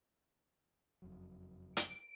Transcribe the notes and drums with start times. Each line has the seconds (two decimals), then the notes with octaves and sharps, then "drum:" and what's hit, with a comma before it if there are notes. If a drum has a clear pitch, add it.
1.02 F#1 F2 F#3
1.77 D7, drum: hi-hat